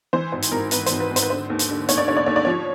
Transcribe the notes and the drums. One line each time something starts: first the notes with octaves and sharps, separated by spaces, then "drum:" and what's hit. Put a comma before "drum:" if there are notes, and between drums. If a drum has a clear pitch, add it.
E3 C5
G#1 C5
drum: hi-hat
G#1 A#4
G#1 B4, drum: hi-hat
C5, drum: hi-hat
G#1
B4
G#1
C5, drum: hi-hat
B4
D3 C5
D#2
drum: hi-hat
D3
D#2 C#5, drum: hi-hat
D5
D3 C#5
D5
D#2 C#5
D5
F3 C#5